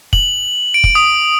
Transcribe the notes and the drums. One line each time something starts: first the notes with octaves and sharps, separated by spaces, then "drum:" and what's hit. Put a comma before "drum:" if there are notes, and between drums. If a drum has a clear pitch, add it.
F#7, drum: kick
D7
drum: kick
D#6